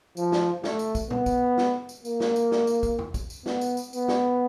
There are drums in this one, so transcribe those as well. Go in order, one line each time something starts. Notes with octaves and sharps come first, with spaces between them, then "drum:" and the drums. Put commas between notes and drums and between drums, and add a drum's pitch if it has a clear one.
F3, drum: tambourine
drum: snare
A3, drum: snare
drum: tambourine
drum: kick, tambourine
B3, drum: tom A#2
drum: kick, tambourine
drum: snare
drum: tambourine
A#3, drum: tambourine
drum: snare
drum: tambourine
drum: snare
drum: tambourine
drum: kick, tambourine
drum: tom E2
drum: kick, tambourine
drum: tambourine
B3, drum: snare
drum: tambourine
drum: tambourine
B3, drum: tambourine
drum: snare